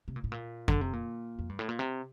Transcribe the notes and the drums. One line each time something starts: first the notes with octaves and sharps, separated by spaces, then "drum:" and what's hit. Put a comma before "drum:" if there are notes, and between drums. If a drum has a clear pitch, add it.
C3
A#2
A2
A#2
D3, drum: kick F2
C3
A#2
F2
G2
A2
A#2
C3